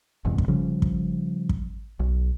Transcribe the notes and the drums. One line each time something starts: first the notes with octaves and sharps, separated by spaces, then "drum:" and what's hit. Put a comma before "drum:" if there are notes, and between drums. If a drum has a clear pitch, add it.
F#1 E2 G#2 C3
drum: kick
C#3 F3 G3
drum: kick
drum: kick
B1